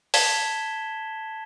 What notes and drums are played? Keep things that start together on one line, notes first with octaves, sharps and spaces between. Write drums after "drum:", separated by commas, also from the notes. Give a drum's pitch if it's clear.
A5 G#6 B6 E7 G7, drum: open hi-hat